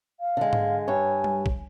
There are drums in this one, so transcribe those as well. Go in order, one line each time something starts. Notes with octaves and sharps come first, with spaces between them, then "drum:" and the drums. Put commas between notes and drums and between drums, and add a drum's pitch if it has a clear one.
F5
D3 G#3
drum: tom G#2
G2 C#5 G#5
drum: tom G3
drum: kick